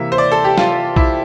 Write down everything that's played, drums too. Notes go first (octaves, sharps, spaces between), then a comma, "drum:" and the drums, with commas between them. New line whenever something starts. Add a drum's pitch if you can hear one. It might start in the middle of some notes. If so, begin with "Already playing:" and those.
Already playing: C3 E3 A#3 E5
C5
D5
A4
G4
F4, drum: snare
E4, drum: kick B1